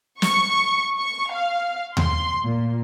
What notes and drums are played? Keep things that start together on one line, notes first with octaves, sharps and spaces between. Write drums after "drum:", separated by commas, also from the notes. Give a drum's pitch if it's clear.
C#6, drum: snare
C#6
F5
C6, drum: tom D#2
A#2